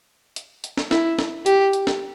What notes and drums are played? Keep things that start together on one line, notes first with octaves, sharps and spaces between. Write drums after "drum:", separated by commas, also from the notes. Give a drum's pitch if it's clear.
drum: hi-hat
drum: hi-hat
drum: snare
E4, drum: snare
drum: snare
G4, drum: hi-hat
drum: hi-hat
drum: snare